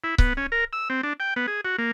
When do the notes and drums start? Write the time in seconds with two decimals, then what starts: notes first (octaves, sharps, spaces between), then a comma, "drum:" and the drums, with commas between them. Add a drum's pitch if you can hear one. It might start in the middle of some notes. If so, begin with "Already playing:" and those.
0.04 E4
0.18 B3, drum: kick C#1
0.37 C#4
0.52 A#4
0.73 E6
0.90 C4
1.03 D4
1.20 G5
1.36 B3
1.48 G#4
1.65 F#4
1.78 A#3